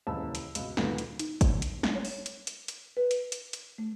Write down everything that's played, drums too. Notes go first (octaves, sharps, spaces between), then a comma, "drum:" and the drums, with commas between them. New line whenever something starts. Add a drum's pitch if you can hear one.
D#1 C#2 C#3 E3 A5 E6
drum: hi-hat
C#2 B2, drum: hi-hat
D2 A#2 D#3 B3, drum: snare
drum: hi-hat
D#4, drum: hi-hat
drum: kick, hi-hat
drum: hi-hat
drum: snare
C#5
drum: open hi-hat
drum: hi-hat
drum: hi-hat
drum: hi-hat
B4
drum: hi-hat
drum: hi-hat
drum: hi-hat
A3